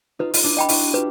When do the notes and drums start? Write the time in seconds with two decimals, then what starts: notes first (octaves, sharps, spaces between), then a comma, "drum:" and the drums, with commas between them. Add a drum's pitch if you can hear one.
0.19 D#4 F4 B4
0.34 F4, drum: open hi-hat
0.44 D4 E4
0.57 D#5 G5 B5
0.69 E4 F#4, drum: open hi-hat
0.94 F4 G4 B4